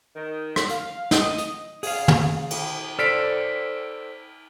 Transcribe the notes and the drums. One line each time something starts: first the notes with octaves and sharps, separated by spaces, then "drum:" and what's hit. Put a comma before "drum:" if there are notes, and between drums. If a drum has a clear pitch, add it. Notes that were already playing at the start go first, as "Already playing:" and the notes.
D#3
drum: rim click
F5, drum: hi-hat
D#5, drum: snare
drum: hi-hat
G#4 F5, drum: open hi-hat
drum: tom
drum: cymbal
A4 C5 D5 F6 B6 D7